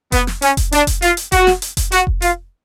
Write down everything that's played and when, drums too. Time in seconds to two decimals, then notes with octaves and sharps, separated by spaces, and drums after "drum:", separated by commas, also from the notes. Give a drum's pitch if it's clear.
0.12 B3, drum: kick F1, hi-hat
0.27 drum: snare
0.42 C#4, drum: hi-hat
0.57 drum: kick F1, hi-hat
0.72 D4, drum: hi-hat
0.87 drum: kick F1, hi-hat
1.02 F4, drum: hi-hat
1.17 drum: hi-hat
1.32 F#4, drum: kick F1, hi-hat
1.47 drum: snare
1.62 drum: hi-hat
1.77 drum: kick F1, hi-hat
1.92 F#4, drum: hi-hat
2.07 drum: kick F1
2.22 F4, drum: hi-hat